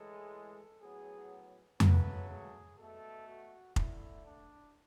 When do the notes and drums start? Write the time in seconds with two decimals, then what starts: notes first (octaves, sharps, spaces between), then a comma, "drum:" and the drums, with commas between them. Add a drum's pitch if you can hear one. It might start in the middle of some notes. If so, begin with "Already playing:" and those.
Already playing: A2 E3 G#3 A4
0.82 A2 F#3 B3 G#4
1.80 C#3 F#3 A3 B4, drum: tom F2
2.30 G#4
2.78 B2 A3 A4
3.28 F#4
3.76 D3 A3 E4, drum: kick F1
4.26 D4